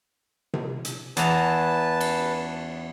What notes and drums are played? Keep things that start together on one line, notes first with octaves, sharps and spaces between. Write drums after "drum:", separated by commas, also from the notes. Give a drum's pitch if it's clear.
drum: tom C3
drum: hi-hat
E2 B4 A5 A#5, drum: hi-hat
drum: cymbal